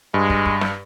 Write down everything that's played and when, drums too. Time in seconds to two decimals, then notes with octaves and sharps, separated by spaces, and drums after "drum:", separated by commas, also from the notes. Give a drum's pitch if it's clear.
0.14 G2 G#3
0.30 drum: kick
0.46 drum: kick
0.61 drum: snare